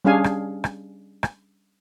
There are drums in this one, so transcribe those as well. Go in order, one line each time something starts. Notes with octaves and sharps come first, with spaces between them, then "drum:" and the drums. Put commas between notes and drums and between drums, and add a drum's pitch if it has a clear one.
G3 C#4 D4 G#4 F5 G#5
drum: rim click
drum: rim click
drum: rim click